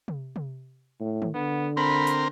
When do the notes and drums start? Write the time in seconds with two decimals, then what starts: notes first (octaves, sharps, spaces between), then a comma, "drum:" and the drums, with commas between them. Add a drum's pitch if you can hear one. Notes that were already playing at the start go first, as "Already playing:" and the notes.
0.08 drum: tom C3
0.36 drum: tom C3
1.00 A2
1.22 drum: tom D3
1.34 D3 B3
1.77 C4 A#4 B5
2.07 drum: hi-hat